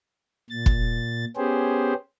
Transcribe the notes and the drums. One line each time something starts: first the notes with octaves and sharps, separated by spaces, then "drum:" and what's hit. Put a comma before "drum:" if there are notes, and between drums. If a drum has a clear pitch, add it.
A#2 A6
drum: kick
B3 C#4 G4 G#4 C5